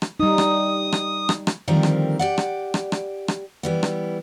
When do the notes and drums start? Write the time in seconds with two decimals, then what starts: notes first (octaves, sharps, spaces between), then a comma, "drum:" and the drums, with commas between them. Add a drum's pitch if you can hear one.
0.02 drum: rim click
0.20 G3 D#4 D#6
0.38 drum: rim click
0.92 drum: rim click
1.29 drum: rim click
1.47 drum: rim click
1.68 D3 D#3 F3 G3 C4 A#4
1.83 drum: rim click
2.19 G4 D5 F#5
2.38 drum: rim click
2.74 drum: rim click
2.92 drum: rim click
3.28 drum: rim click
3.63 E3 G3 B3
3.83 drum: rim click